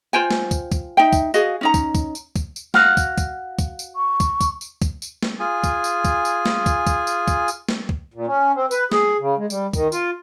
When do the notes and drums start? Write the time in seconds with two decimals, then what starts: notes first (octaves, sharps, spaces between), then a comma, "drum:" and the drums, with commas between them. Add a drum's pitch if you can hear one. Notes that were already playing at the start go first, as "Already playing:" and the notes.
0.13 F4 C5 G5 G#5
0.31 drum: snare
0.51 drum: kick, tambourine
0.72 drum: kick, tambourine
0.97 D#4 E5 G5
1.13 drum: kick, tambourine
1.34 F#4 G#4 D#5 F5, drum: tambourine
1.61 C#4 D#4 A#5
1.74 drum: kick, tambourine
1.95 drum: kick, tambourine
2.15 drum: tambourine
2.36 drum: kick, tambourine
2.56 drum: tambourine
2.74 F#4 F5, drum: snare
2.97 drum: kick, tambourine
3.18 drum: kick, tambourine
3.59 drum: kick, tambourine
3.79 drum: tambourine
3.96 C#6
4.20 drum: kick, tambourine
4.41 drum: kick, tambourine
4.61 drum: tambourine
4.82 drum: kick, tambourine
5.02 drum: tambourine
5.23 drum: snare
5.40 F4 G#4 G#5
5.64 drum: kick, tambourine
5.84 drum: tambourine
6.05 drum: kick, tambourine
6.25 drum: tambourine
6.46 drum: snare
6.66 drum: kick, tambourine
6.87 drum: kick, tambourine
7.07 drum: tambourine
7.28 drum: kick, tambourine
7.48 drum: tambourine
7.69 drum: snare
7.89 drum: kick
8.14 A#2
8.27 C#4
8.55 C4
8.71 B4, drum: tambourine
8.92 G#4, drum: snare
9.20 C#3
9.37 G#3
9.50 G3, drum: tambourine
9.73 D#3, drum: kick, tambourine
9.92 F4, drum: tambourine